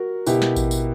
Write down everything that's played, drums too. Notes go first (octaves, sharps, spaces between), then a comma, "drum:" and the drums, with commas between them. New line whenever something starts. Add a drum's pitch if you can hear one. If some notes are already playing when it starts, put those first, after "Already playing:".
Already playing: F#4 A#4
B2 E4 G4, drum: tambourine
drum: snare
drum: kick A1, tambourine
drum: tambourine